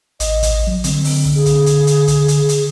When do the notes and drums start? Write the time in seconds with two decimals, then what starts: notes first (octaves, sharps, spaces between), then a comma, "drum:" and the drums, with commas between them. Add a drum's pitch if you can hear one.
0.20 A1 D#5, drum: hi-hat
0.43 drum: kick, hi-hat
0.67 F#3
0.84 D3 C4, drum: hi-hat
1.04 drum: open hi-hat
1.25 drum: kick
1.35 G#4
1.46 drum: kick, hi-hat
1.66 drum: hi-hat
1.87 drum: hi-hat
2.08 drum: kick, hi-hat
2.28 drum: hi-hat
2.49 drum: hi-hat